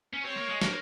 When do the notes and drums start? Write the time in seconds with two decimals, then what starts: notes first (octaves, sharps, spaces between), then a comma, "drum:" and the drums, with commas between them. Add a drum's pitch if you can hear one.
0.13 C#4
0.23 C4 C#5
0.37 A#3
0.49 G#3
0.62 A#3, drum: snare